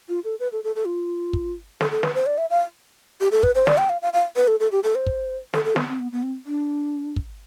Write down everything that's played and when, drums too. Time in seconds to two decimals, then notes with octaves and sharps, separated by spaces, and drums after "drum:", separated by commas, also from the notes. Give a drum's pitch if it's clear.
0.09 F4
0.24 A4
0.40 B4
0.52 A4
0.64 A4
0.76 A4
0.86 F4
1.33 drum: kick
1.81 A4, drum: snare
1.91 A4
2.03 B4, drum: snare
2.15 C5
2.26 D5
2.38 E5
2.50 F5
3.21 G4
3.32 A4
3.43 B4, drum: kick
3.55 C5
3.67 D5, drum: snare
3.78 G5
3.89 F5
4.02 F5
4.13 F5
4.36 B4
4.48 A4
4.60 A4
4.72 G4
4.83 A4
4.95 C5
5.06 drum: kick
5.54 A4, drum: snare
5.65 A4
5.76 B3, drum: snare
5.88 C4
6.00 B3
6.12 B3
6.23 C4
6.46 D4
7.16 drum: kick